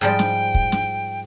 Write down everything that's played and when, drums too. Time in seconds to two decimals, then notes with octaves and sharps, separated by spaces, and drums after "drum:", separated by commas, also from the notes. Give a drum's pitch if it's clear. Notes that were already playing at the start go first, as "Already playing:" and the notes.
0.01 G#2 F3 G3 G5
0.19 drum: snare
0.54 drum: kick
0.72 drum: snare